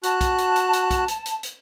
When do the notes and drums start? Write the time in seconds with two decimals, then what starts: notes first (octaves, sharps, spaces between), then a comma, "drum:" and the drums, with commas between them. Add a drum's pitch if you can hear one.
0.03 F#4 A5 F#6, drum: hi-hat
0.21 drum: kick, hi-hat
0.38 drum: hi-hat
0.56 drum: hi-hat
0.73 drum: hi-hat
0.91 drum: kick, hi-hat
1.08 drum: hi-hat
1.26 drum: hi-hat
1.43 drum: hi-hat